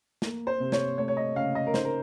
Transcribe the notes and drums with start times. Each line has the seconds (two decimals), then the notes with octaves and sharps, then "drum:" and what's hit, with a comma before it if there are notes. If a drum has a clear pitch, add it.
0.22 A#3, drum: snare
0.47 C5
0.60 C3
0.72 C#5, drum: snare
0.98 A3 C#5
1.08 C#5
1.17 D#5
1.36 C#3 F5
1.55 D#5
1.67 A#4
1.74 D#4 C5, drum: snare
1.85 A#4